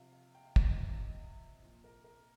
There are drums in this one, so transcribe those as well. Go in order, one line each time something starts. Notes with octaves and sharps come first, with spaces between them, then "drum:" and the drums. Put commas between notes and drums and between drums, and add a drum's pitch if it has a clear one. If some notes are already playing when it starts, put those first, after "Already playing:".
Already playing: C3 F3 F5
F5
G5
F5
G5, drum: kick
D#5
C3 F3
A#2 F3
A#4
A#4